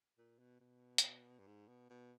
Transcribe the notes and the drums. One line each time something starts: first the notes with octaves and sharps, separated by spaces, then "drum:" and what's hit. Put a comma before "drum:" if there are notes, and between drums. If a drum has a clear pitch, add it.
A#2
B2
B2
drum: hi-hat
G2
G#2
B2
B2